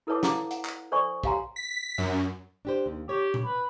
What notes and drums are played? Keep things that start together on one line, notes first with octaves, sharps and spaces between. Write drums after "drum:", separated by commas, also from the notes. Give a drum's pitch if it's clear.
E4 A4 B4 C#5 A5 D6
F5 F#5 A#5 D6, drum: snare
F#5, drum: hi-hat
drum: clap
A4 C5 D5 G#5 C#6
G4 C#5 F5 G#5 A#5 C6, drum: kick
B6
F#2
D4 G4 C5
D#2
G4 C#5
drum: tom A#2
B4